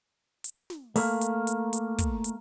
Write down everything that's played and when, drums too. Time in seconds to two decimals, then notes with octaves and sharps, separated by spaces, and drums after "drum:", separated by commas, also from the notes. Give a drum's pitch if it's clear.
0.44 drum: hi-hat
0.70 drum: snare
0.96 A3 A#3, drum: open hi-hat
1.21 drum: hi-hat
1.47 drum: hi-hat
1.73 drum: hi-hat
1.98 drum: kick, hi-hat
2.24 drum: hi-hat